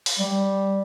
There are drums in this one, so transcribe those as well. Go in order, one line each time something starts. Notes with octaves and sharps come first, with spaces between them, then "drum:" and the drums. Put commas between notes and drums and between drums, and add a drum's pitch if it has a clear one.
drum: open hi-hat
G3